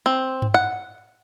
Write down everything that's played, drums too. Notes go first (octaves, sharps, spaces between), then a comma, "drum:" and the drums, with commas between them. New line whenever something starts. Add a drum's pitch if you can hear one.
C4
drum: tom G2
F#5